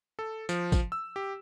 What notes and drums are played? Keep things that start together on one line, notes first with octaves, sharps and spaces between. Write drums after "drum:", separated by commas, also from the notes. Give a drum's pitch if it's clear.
A4
F3, drum: tambourine
drum: kick, tambourine
E6
G4